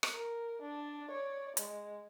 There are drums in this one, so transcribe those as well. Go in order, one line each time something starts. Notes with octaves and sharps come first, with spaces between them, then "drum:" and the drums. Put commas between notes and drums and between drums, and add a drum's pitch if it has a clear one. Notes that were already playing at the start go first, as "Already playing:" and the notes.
drum: rim click
A#4
D4 A5
C#5 D5
G#3, drum: hi-hat